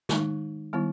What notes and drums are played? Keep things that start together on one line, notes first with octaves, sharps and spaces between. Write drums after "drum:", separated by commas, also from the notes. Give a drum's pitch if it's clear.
D#3 G#3 D#4, drum: snare
D#3 G3 B3 E4